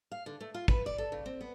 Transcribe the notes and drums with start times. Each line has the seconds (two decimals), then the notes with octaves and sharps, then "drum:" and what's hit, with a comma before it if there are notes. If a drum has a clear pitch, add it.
0.12 F5
0.26 D3
0.41 A3
0.54 F4
0.68 B4, drum: kick
0.86 D5
0.98 A4
1.12 C#3
1.26 C4
1.41 B3